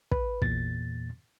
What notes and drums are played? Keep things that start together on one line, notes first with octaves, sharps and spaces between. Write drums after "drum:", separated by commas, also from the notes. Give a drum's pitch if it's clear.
B4, drum: kick
E2 A#2 A6, drum: kick